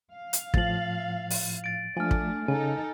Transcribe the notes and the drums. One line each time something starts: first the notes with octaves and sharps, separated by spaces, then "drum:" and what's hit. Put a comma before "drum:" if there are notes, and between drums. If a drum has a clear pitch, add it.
F5
drum: hi-hat
A2 F3 A6 F#7, drum: kick
drum: open hi-hat
A6 D7
F3 A3 D4 G#5 F6
drum: kick
C#3 D#4 A4 G#5